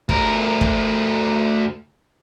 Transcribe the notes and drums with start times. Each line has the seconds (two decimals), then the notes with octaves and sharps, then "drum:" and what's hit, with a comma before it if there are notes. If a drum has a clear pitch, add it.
0.09 D2 A#4, drum: kick
0.61 drum: kick